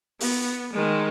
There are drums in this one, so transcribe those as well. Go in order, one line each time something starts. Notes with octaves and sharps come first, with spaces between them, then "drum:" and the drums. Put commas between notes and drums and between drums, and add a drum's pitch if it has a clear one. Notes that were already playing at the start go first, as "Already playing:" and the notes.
B3, drum: open hi-hat
D#3 G#3